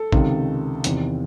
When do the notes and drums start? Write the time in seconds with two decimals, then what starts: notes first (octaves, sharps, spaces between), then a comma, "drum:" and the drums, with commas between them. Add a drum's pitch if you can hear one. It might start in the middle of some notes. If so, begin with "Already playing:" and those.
Already playing: A4
0.12 C#2 C3 D#3, drum: kick
0.84 E2 C3 D#3, drum: hi-hat